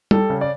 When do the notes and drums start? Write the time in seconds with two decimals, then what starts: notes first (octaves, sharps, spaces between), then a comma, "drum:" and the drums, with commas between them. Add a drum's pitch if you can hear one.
0.11 G3 A4, drum: tom G3
0.30 C#3
0.41 D5